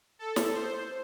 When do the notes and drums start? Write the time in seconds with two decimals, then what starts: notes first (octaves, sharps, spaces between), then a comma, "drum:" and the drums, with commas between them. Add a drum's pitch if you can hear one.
0.19 A4
0.36 drum: snare
0.54 C5